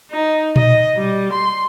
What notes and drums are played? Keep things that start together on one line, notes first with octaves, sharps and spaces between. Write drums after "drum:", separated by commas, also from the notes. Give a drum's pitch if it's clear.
D#4
D#5, drum: tom A#2
G3
C6